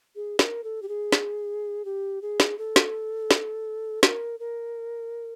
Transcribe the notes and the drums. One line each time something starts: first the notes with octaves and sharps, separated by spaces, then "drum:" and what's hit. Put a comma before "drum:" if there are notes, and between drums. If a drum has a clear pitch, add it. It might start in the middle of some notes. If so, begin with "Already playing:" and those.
G#4
A#4, drum: snare
A4
G4
G#4
drum: snare
G4
G#4
drum: snare
A4
drum: snare
drum: snare
A#4, drum: snare
A#4